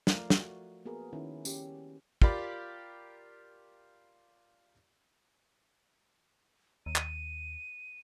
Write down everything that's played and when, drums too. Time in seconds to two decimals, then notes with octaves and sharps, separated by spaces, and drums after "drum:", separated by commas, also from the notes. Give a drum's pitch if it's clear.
0.07 F3 A3 F4 A#4 D5 F5, drum: snare
0.30 F#4, drum: snare
0.85 A#3 B3 F#4 G#4 A#4
1.13 D#3 C#4 E4
1.45 C#4 G4, drum: tambourine
2.22 F4 G4 A#4 D5 B5, drum: kick
6.86 D#2 D#7
6.96 drum: clap